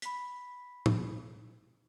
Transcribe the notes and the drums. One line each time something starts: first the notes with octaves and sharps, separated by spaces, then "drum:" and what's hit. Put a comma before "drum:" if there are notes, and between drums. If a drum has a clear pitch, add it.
B5 B6, drum: hi-hat
drum: tom